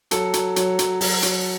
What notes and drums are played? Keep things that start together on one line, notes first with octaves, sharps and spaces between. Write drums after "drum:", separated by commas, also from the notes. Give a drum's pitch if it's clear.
F#3 A4, drum: hi-hat
F#3, drum: hi-hat
F#3, drum: hi-hat
F#3, drum: hi-hat
F#3, drum: open hi-hat
F#3, drum: hi-hat